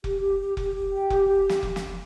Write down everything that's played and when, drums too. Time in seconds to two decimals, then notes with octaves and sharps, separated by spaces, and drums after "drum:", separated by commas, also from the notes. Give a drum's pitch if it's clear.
0.04 G4, drum: kick F1
0.21 G4
0.40 G4
0.57 G4, drum: kick F1
0.75 G4
0.93 G5
1.10 G4, drum: kick F1
1.28 G4
1.49 drum: snare
1.63 drum: kick F1
1.76 drum: snare